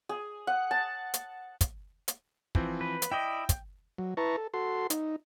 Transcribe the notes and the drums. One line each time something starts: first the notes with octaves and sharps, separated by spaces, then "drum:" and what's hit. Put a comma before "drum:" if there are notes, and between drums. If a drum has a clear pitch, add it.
G#4
F#5
A5
drum: hi-hat
drum: kick, hi-hat
drum: hi-hat
E3 F3 C4, drum: kick
B4
drum: hi-hat
E4 D5 D#5 G5
drum: kick, hi-hat
F#3
E4 B4 A5 A#5 C#6
A4
F#4 A4 C6
D#4, drum: hi-hat